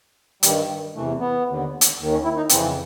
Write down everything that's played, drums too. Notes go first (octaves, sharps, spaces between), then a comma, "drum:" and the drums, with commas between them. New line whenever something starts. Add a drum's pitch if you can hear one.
G2 D#3 G3, drum: hi-hat
E2 C3 E3 A3
B3
D#2 D3
drum: hi-hat
D#2 D#3
C#4
E4
D#4
F2 C#3 E3 C4, drum: hi-hat